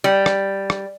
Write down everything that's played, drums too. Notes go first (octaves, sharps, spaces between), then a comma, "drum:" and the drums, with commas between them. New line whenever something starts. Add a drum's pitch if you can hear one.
G3
drum: rim click
drum: rim click